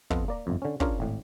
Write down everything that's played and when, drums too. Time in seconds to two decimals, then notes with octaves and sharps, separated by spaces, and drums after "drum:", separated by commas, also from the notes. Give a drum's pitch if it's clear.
0.10 F2 B3 F4 A4 D#5 F#5, drum: kick
0.28 A#3 D5 A#5
0.47 G1 F2
0.62 D3 C#4
0.80 C#4 D4 F4 G#4 A#4, drum: kick
1.00 G#1 A2